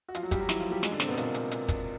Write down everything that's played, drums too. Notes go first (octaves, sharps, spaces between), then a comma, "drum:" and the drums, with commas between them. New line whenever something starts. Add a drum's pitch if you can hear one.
F#4
F3 F4, drum: hi-hat
F#3 F#4
G3 G4, drum: kick, hi-hat
F#3 F#4
E3 E4, drum: snare
F3 F4
G3 G4
G#3 G#4, drum: snare
D3 D4
C3 C4, drum: snare
B2 B3
A#2 A#3, drum: hi-hat
drum: hi-hat
drum: hi-hat
drum: kick, hi-hat